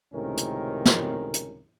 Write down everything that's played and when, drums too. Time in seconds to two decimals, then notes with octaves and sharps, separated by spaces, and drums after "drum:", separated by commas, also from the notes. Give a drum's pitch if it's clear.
0.13 C#2 A2 C3 D#3 C#4 A#4
0.37 drum: hi-hat
0.85 drum: snare
1.34 drum: hi-hat